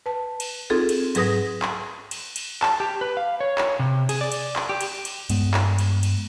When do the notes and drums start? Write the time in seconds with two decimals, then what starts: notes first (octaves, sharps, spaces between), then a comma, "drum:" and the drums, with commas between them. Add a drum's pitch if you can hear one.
0.06 B4 A5
0.40 drum: cymbal
0.70 C4 D#4 F4 G#4 A4
0.89 drum: cymbal
1.15 G#2 F#3 G#4 B4 D#6 A#6, drum: cymbal
1.62 drum: clap
2.11 drum: cymbal
2.36 drum: cymbal
2.62 A5, drum: clap
2.80 G4
3.01 B4
3.17 F5
3.41 C#5
3.58 drum: clap
3.79 C3
4.09 G#4, drum: cymbal
4.21 D5
4.32 drum: cymbal
4.56 drum: clap
4.69 G4
4.81 drum: cymbal
5.05 drum: cymbal
5.30 G2 G#3 B3, drum: cymbal
5.54 drum: clap
5.78 drum: cymbal
6.03 drum: cymbal